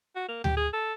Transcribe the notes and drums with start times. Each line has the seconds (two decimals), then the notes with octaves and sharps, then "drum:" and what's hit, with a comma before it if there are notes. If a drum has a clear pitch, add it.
0.16 F#4
0.28 A#3
0.44 G4, drum: tom D2
0.57 G#4
0.73 A4